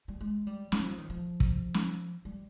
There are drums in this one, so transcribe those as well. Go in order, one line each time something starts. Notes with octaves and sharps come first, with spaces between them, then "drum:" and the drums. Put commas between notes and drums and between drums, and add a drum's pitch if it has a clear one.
G3
G#3
G3
F#3, drum: snare
F3
D#3
F3
drum: kick
drum: snare
G3